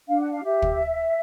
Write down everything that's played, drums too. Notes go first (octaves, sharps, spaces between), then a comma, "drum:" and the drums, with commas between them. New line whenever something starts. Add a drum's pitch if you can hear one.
D4 F5
F#5
F5
G4 E5
drum: kick